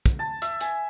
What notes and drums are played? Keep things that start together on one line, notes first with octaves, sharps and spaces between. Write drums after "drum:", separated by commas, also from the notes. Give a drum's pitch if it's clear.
drum: kick, hi-hat
A5
E5, drum: hi-hat
G#5, drum: hi-hat